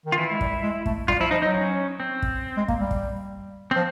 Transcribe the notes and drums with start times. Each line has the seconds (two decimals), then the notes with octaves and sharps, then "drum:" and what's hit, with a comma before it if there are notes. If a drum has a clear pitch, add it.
0.06 D#3
0.12 F4
0.18 E3 E4
0.31 G#3
0.41 G3, drum: kick
0.63 G#3
0.86 A3, drum: kick
1.08 G3 F4, drum: kick
1.20 F3 E4
1.31 F3 D#4
1.42 F#3 D#4
1.54 C#4
2.00 C4
2.22 drum: kick
2.57 G#3
2.68 A#3, drum: kick
2.80 G3
2.91 drum: kick
3.71 F3 C4